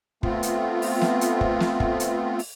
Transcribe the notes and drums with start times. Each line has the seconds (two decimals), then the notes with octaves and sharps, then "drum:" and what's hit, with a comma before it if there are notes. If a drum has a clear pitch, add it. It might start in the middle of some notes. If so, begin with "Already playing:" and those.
0.23 A3 B3 C4 F4, drum: kick
0.43 drum: hi-hat
0.82 drum: open hi-hat
1.02 drum: snare
1.21 drum: hi-hat
1.41 drum: kick
1.60 drum: snare
1.80 drum: kick
2.00 drum: hi-hat
2.39 drum: open hi-hat